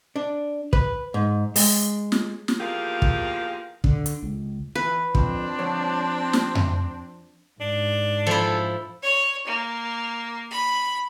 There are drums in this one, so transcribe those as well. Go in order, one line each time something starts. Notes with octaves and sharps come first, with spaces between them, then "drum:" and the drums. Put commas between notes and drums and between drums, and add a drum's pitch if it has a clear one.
D4
B4, drum: kick
G#2
G#3, drum: open hi-hat
drum: snare
drum: snare
E2 F3 A#3 G4 G#4 F5
drum: kick
D3, drum: kick
drum: hi-hat
C#2
E3 B4
F2 F3 C4 D4, drum: kick
F3 C5 C#5
drum: snare
drum: tom F2
G#2 D4
F3 E4 A4
C#5
A#3
B5